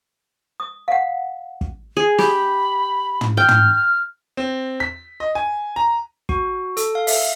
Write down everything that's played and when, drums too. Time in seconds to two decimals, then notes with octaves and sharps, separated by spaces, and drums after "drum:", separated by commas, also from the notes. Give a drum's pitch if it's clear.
0.60 D#6
0.88 F5 F#5
1.61 drum: kick
1.97 G#4
2.18 G4 B5, drum: snare
3.21 drum: tom
3.37 G5 F6
3.48 drum: tom
4.37 C4
4.80 B6
5.20 D#5
5.35 G#5
5.76 A#5
6.29 F#4, drum: kick
6.77 A4, drum: hi-hat
6.95 F5
7.07 E5, drum: open hi-hat